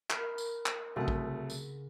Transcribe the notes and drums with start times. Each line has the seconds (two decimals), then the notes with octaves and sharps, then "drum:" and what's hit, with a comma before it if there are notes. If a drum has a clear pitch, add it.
0.10 A#4 B5 F6, drum: clap
0.38 drum: tambourine
0.66 drum: clap
0.96 C2 C#3 F#3 A3 G#4 F#5
1.08 drum: kick A1
1.50 drum: tambourine